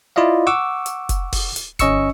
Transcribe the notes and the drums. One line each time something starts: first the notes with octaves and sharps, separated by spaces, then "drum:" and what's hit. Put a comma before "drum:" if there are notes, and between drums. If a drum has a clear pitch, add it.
E4 F4 D5 D#5 F5
F#5 C#6 D6 E6
drum: hi-hat
drum: kick F1, hi-hat
drum: kick F1, open hi-hat
drum: hi-hat
G1 C#4 D#5 C#6 E6 C#7, drum: kick F1, hi-hat